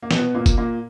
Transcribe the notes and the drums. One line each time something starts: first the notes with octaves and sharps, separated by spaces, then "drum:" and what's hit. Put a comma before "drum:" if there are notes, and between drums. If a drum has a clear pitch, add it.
A#3
B2 B3, drum: snare
A#2 A#3
drum: kick, tambourine
A#2 A#3